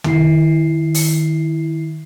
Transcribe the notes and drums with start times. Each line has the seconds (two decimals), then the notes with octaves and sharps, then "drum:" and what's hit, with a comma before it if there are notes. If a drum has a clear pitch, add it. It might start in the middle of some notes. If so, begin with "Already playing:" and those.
0.04 D#3 E4 C7, drum: tom
0.94 drum: open hi-hat